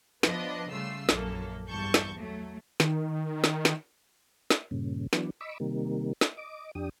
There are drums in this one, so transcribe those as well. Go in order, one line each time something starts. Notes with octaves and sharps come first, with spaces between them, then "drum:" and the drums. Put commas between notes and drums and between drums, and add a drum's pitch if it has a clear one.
F3 B3 D4 B4 D#5, drum: snare
C#3 G3 A3 F4 E6 C7
A#1 F#2 A#3 A4, drum: snare
E2 G2 A5 C#6 G6
drum: snare
F#3 A3
D#3, drum: snare
drum: snare
drum: snare
drum: snare
G2 A#2 C#3
E3 F#3 B3 D4, drum: snare
D#5 B5 C#6 D6 E6
C3 D#3 G3 A#3
drum: snare
D#5 D6
F2 D4 G4 D#6